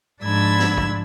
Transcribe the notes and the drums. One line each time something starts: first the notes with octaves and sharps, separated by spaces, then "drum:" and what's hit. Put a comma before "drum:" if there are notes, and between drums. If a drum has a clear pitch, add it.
G#2 F3 D4 B5 E6 G#6
drum: snare
drum: kick